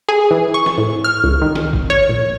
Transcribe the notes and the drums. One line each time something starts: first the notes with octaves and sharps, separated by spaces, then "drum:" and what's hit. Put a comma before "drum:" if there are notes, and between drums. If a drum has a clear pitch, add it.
G#4
E3
C#6
drum: snare
A2
F6
C#2
D#3
drum: snare
drum: kick G1
C#5
A#1